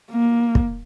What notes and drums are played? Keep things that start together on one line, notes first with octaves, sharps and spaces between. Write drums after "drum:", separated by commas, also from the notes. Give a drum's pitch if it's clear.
A#3
drum: kick